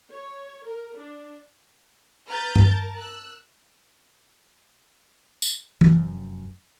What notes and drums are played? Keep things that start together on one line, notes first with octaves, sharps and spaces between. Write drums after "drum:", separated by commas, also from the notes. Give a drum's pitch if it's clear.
C#5
A#4
D4
B4 A#5 F6 G6 A6
drum: tom G2
A#4 A5
E6 F#6
drum: tambourine
F1 F#2, drum: tom E3